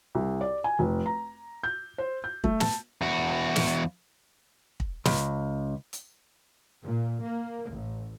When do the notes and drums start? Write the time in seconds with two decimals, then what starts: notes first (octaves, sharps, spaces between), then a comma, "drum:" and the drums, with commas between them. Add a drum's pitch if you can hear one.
0.15 C2
0.41 D5
0.64 G#5
0.79 F1
1.06 A#5
1.63 G6
1.98 C5
2.24 G6
2.44 A3, drum: kick
2.60 A5, drum: snare
3.02 E2 F#4
3.56 drum: snare
4.80 drum: kick
5.06 C#2, drum: snare
5.93 drum: hi-hat
6.83 A#2
7.21 A#3
7.70 A1